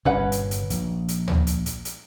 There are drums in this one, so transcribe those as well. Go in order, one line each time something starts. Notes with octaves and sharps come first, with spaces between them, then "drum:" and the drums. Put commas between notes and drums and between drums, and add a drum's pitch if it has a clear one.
G1 G2 A#2 C#4 B4 F#5
drum: hi-hat
drum: hi-hat
A#1, drum: hi-hat
drum: hi-hat
drum: tom
drum: hi-hat
drum: hi-hat
drum: hi-hat